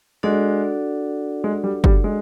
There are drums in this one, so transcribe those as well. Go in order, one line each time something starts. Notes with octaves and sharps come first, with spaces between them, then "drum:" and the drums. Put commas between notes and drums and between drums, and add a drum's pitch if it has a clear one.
G#3 D4 F#4 A4 D5 F#5
G#3
G3
G3, drum: kick F#1
G#3